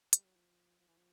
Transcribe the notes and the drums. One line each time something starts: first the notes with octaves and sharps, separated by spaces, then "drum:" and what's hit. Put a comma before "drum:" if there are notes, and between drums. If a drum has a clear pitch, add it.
G3, drum: hi-hat
F#3
F3
F3
E3
F3